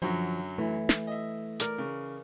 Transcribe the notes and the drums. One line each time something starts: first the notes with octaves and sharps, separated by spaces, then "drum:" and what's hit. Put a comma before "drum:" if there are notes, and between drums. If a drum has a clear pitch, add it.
F#2 D3 F3 F#3
E3 A3
drum: snare
D#5 E5
A#4 D5, drum: hi-hat
C#3